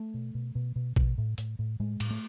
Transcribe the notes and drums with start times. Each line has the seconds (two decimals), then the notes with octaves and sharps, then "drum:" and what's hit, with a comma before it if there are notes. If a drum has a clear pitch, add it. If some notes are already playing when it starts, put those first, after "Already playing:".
Already playing: A3
0.14 B2
0.35 B2
0.55 B2
0.76 B2
0.96 B2, drum: kick A#1
1.18 A2
1.38 A2, drum: hi-hat
1.59 A2
1.80 A2 G#3
2.00 A2, drum: cymbal
2.10 A3